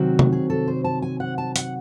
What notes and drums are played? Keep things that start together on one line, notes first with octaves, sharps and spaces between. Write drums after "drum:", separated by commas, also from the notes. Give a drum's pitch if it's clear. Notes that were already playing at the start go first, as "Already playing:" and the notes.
Already playing: C3 D#3 F#3 C4 F#4
drum: tom C3
G#4
A4
C5
A5
G#5
F#5
A5
F#5, drum: hi-hat